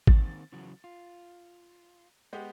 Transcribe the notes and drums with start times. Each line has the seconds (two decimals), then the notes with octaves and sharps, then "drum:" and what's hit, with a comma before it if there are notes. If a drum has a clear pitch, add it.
0.07 D#3 A#3 C4 A6, drum: kick G#1
0.52 C#3 E3 F#3
0.84 F4
2.33 G#3 B3 G4